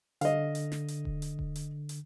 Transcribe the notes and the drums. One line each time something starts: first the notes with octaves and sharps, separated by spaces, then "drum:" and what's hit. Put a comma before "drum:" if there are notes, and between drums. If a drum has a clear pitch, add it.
D3 D#5 F5, drum: hi-hat
drum: hi-hat
drum: snare
drum: hi-hat
drum: kick D#1
drum: hi-hat
drum: kick D#1
drum: hi-hat
drum: hi-hat